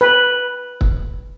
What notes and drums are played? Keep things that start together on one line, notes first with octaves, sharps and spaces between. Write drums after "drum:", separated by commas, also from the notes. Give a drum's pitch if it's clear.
B4
drum: kick